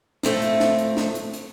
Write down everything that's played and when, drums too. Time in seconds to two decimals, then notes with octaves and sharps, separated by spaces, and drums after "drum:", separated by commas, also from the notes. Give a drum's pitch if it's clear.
0.23 A2 A3 C4 F4, drum: snare
0.42 drum: hi-hat
0.60 drum: snare
0.78 drum: hi-hat
0.97 drum: snare
1.15 drum: hi-hat
1.34 drum: hi-hat